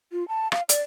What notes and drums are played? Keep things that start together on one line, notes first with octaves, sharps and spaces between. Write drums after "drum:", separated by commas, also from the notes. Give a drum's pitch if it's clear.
F4
A5
F5, drum: rim click
D5, drum: hi-hat